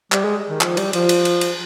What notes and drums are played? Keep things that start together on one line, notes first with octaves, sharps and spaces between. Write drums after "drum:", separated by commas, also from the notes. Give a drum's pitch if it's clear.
G3, drum: clap
G#3
D#3
F3, drum: clap
G3, drum: cymbal
F3, drum: cymbal
drum: cymbal
drum: cymbal
drum: cymbal